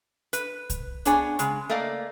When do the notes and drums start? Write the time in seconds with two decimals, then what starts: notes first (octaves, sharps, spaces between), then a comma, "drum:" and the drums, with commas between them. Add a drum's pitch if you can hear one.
0.33 B4, drum: hi-hat
0.70 drum: kick C2, hi-hat
1.05 B3 D4 G#4 C#5 G#5, drum: hi-hat
1.39 C#3 G#3, drum: hi-hat
1.70 A3 A#3 D5 D#5 F5